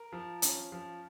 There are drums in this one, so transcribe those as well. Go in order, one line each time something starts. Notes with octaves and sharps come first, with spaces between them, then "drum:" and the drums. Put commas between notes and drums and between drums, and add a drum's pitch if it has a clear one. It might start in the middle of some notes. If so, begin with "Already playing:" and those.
Already playing: A#4
F3
C#4, drum: hi-hat
F3